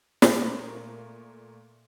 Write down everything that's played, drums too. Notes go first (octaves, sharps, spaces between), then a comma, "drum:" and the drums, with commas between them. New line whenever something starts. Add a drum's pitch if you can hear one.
A#2 A3 A#3, drum: snare